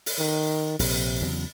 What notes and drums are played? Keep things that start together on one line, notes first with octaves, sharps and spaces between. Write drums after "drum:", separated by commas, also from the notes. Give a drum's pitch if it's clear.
drum: open hi-hat
D#3
A#1 C3, drum: open hi-hat
E2 C#3 F#3